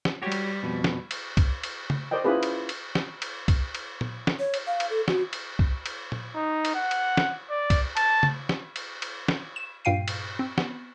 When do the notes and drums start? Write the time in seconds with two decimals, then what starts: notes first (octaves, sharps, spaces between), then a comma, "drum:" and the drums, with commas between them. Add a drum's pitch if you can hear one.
0.05 drum: snare
0.22 G3 F#4 G4 C#5
0.32 drum: cymbal
0.63 F2 B2
0.84 drum: snare
1.11 drum: cymbal
1.37 drum: kick C2, cymbal
1.63 drum: cymbal
1.90 drum: tom
2.11 A#4 C5 D5 D#5 G5
2.25 C#4 E4 F4 G#4 A#4 B4
2.43 drum: cymbal
2.69 drum: cymbal
2.95 drum: snare
3.22 drum: cymbal
3.48 drum: kick C2, cymbal
3.75 drum: cymbal
4.01 drum: tom A#2
4.27 drum: snare
4.39 C#5
4.54 drum: cymbal
4.67 F5
4.80 drum: cymbal
4.90 A4
5.08 F#4, drum: snare
5.33 drum: cymbal
5.59 drum: kick C2
5.86 drum: cymbal
6.12 drum: tom A#2
6.35 D#4
6.65 drum: cymbal
6.75 F#5
6.91 drum: cymbal
7.17 drum: snare
7.50 D5
7.70 drum: kick C2, cymbal
7.97 A5, drum: cymbal
8.23 drum: tom
8.49 drum: snare
8.76 drum: cymbal
9.02 drum: cymbal
9.28 drum: snare
9.56 E7
9.85 G2 A#2 F5 G5 C7 D#7
10.08 drum: cymbal
10.39 C4
10.58 B3, drum: snare